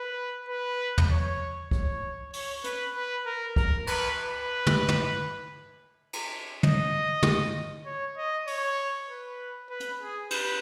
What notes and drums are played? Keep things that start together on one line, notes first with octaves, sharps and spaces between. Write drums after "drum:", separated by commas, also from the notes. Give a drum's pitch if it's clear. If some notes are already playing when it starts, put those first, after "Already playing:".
Already playing: B4
B4
drum: tom
C#5
C#5, drum: kick
C#5, drum: open hi-hat
B4, drum: hi-hat
B4
A#4
A#4, drum: kick
B4, drum: cymbal
B4
drum: tom
drum: tom
drum: cymbal
D#5, drum: tom
drum: tom
C#5
D#5
C#5, drum: open hi-hat
B4
B4
drum: hi-hat
G#4
B4, drum: cymbal